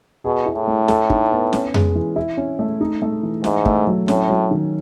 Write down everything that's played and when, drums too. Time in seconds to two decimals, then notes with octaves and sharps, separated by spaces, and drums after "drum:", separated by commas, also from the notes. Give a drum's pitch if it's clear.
0.24 B2 G#4
0.46 E4
0.56 A2
0.67 A3
0.88 A4, drum: snare
1.10 D#4, drum: kick
1.31 B3
1.53 C#4, drum: snare
1.74 G#3, drum: tom F2
1.95 E3
2.16 E4
2.37 C#4
2.59 A3
2.81 D#4
3.02 A3
3.23 E3
3.44 G#2 E4, drum: snare
3.65 A3, drum: kick
3.87 F#3
4.08 A2 C#4, drum: snare
4.30 F#3
4.51 D#3